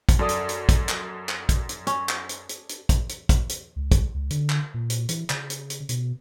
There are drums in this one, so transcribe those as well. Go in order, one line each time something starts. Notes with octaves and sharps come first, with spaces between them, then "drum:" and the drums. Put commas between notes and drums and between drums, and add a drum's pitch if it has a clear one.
drum: kick, hi-hat
F#2 A4 D5 D#6
drum: hi-hat
drum: hi-hat
drum: kick, hi-hat
drum: clap
drum: clap
drum: kick, hi-hat
drum: hi-hat
C#4, drum: hi-hat
drum: clap
drum: hi-hat
drum: hi-hat
drum: hi-hat
drum: kick, hi-hat
drum: hi-hat
drum: kick, hi-hat
drum: hi-hat
C#2
C2, drum: kick, hi-hat
C#2
D3, drum: hi-hat
drum: clap
A#2
drum: hi-hat
E3, drum: hi-hat
C#3, drum: clap
drum: hi-hat
drum: hi-hat
B2, drum: hi-hat